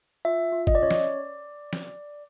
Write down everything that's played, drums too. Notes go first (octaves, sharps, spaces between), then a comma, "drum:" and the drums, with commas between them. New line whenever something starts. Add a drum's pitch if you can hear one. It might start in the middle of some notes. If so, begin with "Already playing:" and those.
F4 E5
F4
D#5, drum: kick
D5
C#4 C#5
D5, drum: snare
drum: snare